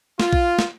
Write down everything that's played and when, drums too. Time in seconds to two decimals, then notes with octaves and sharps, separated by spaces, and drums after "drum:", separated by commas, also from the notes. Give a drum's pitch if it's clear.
0.20 F4, drum: snare
0.33 drum: kick A#1
0.59 drum: snare